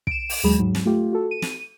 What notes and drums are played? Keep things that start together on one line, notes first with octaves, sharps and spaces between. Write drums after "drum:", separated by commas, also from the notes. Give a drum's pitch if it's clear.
D7 E7, drum: kick
drum: open hi-hat
D#2 F#3 G#3 G#4 B5 E7
G#2 F#3
drum: snare
A3 F4 G4
F#4 A4
D#7
drum: snare